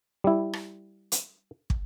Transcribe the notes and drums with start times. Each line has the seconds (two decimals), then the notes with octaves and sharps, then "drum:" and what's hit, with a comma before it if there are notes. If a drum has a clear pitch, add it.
0.24 G3 E4
0.53 drum: rim click
1.12 drum: hi-hat
1.70 drum: kick